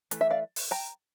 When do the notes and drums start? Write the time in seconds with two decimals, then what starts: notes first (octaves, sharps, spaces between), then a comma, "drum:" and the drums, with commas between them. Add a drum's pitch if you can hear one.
0.11 E3 A3, drum: hi-hat
0.21 E5
0.30 D5 F5
0.56 drum: open hi-hat
0.71 G5 A#5